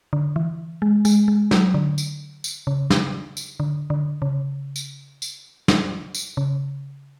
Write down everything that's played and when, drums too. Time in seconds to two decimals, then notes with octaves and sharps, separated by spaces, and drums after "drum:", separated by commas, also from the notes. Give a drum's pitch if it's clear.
0.13 D3
0.36 E3
0.82 G#3
1.05 G#3, drum: tambourine
1.28 G#3
1.51 F#3, drum: snare
1.74 D3
1.98 drum: tambourine
2.44 drum: tambourine
2.67 C#3
2.90 drum: snare
3.37 drum: tambourine
3.60 D3
3.90 D3
4.22 C#3
4.76 drum: tambourine
5.22 drum: tambourine
5.68 drum: snare
6.15 drum: tambourine
6.37 C#3